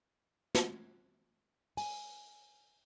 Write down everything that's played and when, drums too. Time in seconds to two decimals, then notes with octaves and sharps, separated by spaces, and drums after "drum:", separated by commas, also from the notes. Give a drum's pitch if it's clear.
0.55 drum: snare
1.77 G#5, drum: open hi-hat